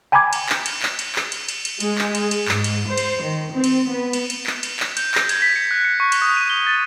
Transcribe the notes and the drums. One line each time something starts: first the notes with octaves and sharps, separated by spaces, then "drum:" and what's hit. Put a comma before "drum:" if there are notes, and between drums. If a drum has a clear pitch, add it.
G5 G#5 A#5 B5 D6 G#6
drum: cymbal
drum: clap
drum: cymbal
drum: clap
drum: cymbal
drum: clap
drum: cymbal
drum: cymbal
drum: cymbal
G#3, drum: cymbal
drum: clap
drum: cymbal
drum: cymbal
G#2, drum: clap
drum: cymbal
C5
drum: cymbal
D#3
C4
drum: cymbal
B3
drum: cymbal
drum: cymbal
drum: clap
drum: cymbal
drum: clap
G6, drum: cymbal
A#6, drum: clap
G#6, drum: cymbal
B6
C#7
F#6
C#7
C#6
drum: cymbal
D#6
D#7
G7
A6